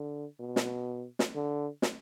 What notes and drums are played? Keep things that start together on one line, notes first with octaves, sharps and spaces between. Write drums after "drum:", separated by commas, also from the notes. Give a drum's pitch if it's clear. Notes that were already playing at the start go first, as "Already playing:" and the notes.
Already playing: D3
B2
drum: snare
drum: snare
D3
drum: snare